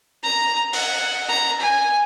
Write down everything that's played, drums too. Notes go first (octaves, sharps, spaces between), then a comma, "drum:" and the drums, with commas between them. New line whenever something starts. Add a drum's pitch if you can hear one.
A#5
F#5, drum: open hi-hat
A#5
G#5